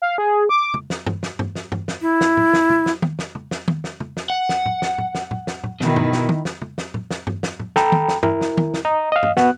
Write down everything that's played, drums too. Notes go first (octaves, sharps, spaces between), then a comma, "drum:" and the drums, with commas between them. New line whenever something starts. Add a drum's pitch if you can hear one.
F5
G#4
D6
drum: tom
drum: snare
drum: tom G2
drum: snare
drum: tom G2
drum: snare
drum: tom G2
drum: snare
E4
drum: snare
drum: tom A2
drum: snare
drum: tom
drum: snare
drum: tom D#3
drum: snare
drum: tom
drum: snare
drum: tom D#3
drum: snare
drum: tom
drum: snare
F#5
drum: snare
drum: tom A2
drum: snare
drum: tom A2
drum: snare
drum: tom A2
drum: snare
drum: tom A2
B2 D#3 E4, drum: snare
drum: tom G2
drum: snare
drum: tom D#3
drum: snare
drum: tom
drum: snare
drum: tom A2
drum: snare
drum: tom G2
drum: snare
drum: tom A2
A4 G5 A#5 B5, drum: snare
drum: tom D#3
drum: snare
E4 A#4, drum: tom G2
drum: snare
drum: tom D#3
drum: snare
D#5 A#5
D#5 F5
drum: tom G2
B3 F#4 F#6, drum: snare